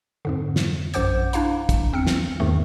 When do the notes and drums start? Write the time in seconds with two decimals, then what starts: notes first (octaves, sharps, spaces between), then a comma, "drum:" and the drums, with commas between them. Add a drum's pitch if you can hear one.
0.25 F2 G#2 D3
0.56 drum: snare
0.94 A#1 F#2 C5 F#5 D6 G6, drum: hi-hat
1.33 D4 E4 F5 A#5, drum: hi-hat
1.69 drum: kick, hi-hat
1.93 E2 C4 F6 C#7
2.07 drum: snare
2.40 E2 G#2 D#3 A3